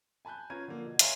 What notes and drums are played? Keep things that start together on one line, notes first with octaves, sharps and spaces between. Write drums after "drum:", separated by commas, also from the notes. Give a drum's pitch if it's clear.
G#5 A5 B5 F#6 G6
C#4 F4 B4 A#5 G#6 D#7
D3 F3 A#3
B2
C#5 E5 F5 G#5 A#5 C6, drum: hi-hat